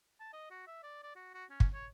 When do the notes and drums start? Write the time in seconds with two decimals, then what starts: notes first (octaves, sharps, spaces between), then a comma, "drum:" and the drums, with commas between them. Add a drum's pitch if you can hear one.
0.20 A5
0.33 D#5
0.50 F#4
0.67 E5
0.83 D5
1.03 D5
1.16 F#4
1.34 F#4
1.50 C#4
1.60 drum: kick
1.73 C#5